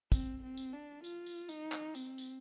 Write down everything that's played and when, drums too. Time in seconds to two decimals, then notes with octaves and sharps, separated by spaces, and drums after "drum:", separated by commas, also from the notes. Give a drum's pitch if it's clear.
0.12 C4, drum: kick, tambourine
0.43 C4
0.57 drum: tambourine
0.73 D4
1.04 F4, drum: tambourine
1.26 drum: tambourine
1.49 D#4, drum: tambourine
1.72 drum: clap
1.95 C4, drum: tambourine
2.18 drum: tambourine